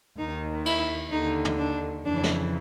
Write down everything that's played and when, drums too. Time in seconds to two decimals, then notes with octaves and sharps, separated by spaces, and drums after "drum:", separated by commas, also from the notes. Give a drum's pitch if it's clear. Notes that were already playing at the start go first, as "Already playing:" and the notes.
0.18 D#2 D#3 D#4
0.66 E4, drum: cymbal
1.12 D#2 D3 D#4
1.45 drum: tom
1.59 D4
2.06 F2 C#3 E3 D4
2.23 drum: snare